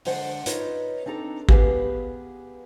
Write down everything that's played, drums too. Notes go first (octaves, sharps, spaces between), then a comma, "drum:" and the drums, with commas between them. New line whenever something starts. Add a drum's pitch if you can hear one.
D3 G#3 C5 D5 F#5, drum: open hi-hat
D#4 F4 A#4 B4 C#5 D#5, drum: hi-hat
C4 D4 D#4 A4 A#5
B3 G4 G#4 B4 F5 G#5, drum: kick